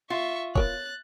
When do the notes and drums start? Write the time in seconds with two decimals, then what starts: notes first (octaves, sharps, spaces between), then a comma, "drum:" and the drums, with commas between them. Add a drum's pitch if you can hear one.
0.10 F4 E5 C#6
0.55 B3 A#4 C#5 F#6 A6, drum: kick